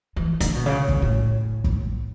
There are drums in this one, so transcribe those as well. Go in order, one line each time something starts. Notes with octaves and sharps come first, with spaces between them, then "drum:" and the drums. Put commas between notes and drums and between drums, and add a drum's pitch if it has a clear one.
E3
D3, drum: hi-hat
B2
C#3
drum: kick
A2
drum: kick